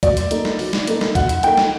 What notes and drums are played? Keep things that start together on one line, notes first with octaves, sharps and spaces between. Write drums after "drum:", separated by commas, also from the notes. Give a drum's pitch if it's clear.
F#3 D5, drum: kick C2, hi-hat
drum: hi-hat
A#3 D#4 A4, drum: hi-hat
drum: snare
F#3, drum: open hi-hat
drum: snare
A#3 D#4 A4, drum: hi-hat
drum: snare
F#3 F#5, drum: kick C2, hi-hat
drum: hi-hat
A#3 D#4 A4 G5, drum: hi-hat
drum: snare